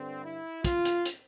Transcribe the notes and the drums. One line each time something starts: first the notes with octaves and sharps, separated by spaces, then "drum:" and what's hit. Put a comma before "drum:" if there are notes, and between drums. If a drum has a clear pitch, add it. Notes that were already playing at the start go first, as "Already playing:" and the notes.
Already playing: G2 D3 C4
E4
F4, drum: kick, hi-hat
drum: hi-hat
drum: hi-hat